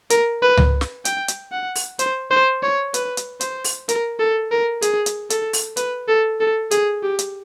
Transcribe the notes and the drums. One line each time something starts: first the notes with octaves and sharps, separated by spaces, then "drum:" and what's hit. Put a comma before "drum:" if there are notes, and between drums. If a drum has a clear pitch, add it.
A#4, drum: hi-hat
B4
drum: tom C#2
drum: snare
G5, drum: hi-hat
drum: hi-hat
F#5
drum: open hi-hat
C5, drum: hi-hat
C5
C#5
B4, drum: hi-hat
drum: hi-hat
C5, drum: hi-hat
drum: open hi-hat
A#4, drum: hi-hat
A4
A#4
G#4, drum: hi-hat
drum: hi-hat
A4, drum: hi-hat
drum: open hi-hat
B4, drum: hi-hat
A4
A4
G#4, drum: hi-hat
G4
drum: hi-hat